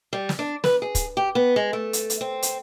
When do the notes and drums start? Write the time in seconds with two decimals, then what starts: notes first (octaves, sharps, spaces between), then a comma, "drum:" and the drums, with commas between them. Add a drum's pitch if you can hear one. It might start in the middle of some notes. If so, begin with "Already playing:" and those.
0.13 G3
0.29 drum: snare
0.39 D4
0.64 B4, drum: snare
0.82 G#4
0.95 drum: kick, hi-hat
1.17 G4
1.35 B3
1.56 G#3
1.73 A3
1.93 drum: hi-hat
2.10 drum: hi-hat
2.21 C4
2.42 drum: hi-hat